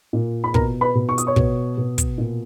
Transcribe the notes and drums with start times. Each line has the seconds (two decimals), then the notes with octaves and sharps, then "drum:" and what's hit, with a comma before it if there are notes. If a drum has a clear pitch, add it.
0.13 A#2
0.44 B5
0.54 B2 A#4 A#5, drum: kick
0.81 B4 B5
0.95 B2
1.09 C#6
1.18 D#6, drum: hi-hat
1.27 C#5 C#6
1.36 B2, drum: kick
1.78 B2
1.98 drum: kick, hi-hat
2.18 A#2